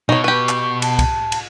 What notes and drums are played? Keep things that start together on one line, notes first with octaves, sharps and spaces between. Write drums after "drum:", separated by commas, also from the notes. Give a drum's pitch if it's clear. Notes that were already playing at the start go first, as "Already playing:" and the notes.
B2 D#4 C#5 C#6
G4 B4
drum: clap
A5, drum: cymbal
drum: kick C2, cymbal
drum: cymbal